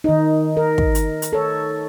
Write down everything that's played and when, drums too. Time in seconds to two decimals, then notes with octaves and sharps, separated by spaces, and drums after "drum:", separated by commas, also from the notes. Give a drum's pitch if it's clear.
0.04 D#3 D#4
0.57 A#4
0.78 drum: kick
0.95 drum: hi-hat
1.22 drum: hi-hat
1.33 A4 C#5